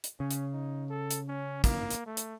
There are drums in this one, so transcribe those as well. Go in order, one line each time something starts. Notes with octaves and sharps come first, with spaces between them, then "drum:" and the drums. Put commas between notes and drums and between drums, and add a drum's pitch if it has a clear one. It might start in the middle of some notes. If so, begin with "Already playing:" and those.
drum: hi-hat
C#3 C#4
drum: hi-hat
D#4
A4
drum: hi-hat
C#4
A#3, drum: kick, hi-hat
drum: hi-hat
A3
drum: hi-hat